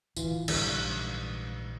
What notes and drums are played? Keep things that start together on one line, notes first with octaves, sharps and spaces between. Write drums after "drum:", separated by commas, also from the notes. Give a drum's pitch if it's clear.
D1 E3 F4, drum: tambourine
A#1 G#2 D3 E3 G3 F#6, drum: cymbal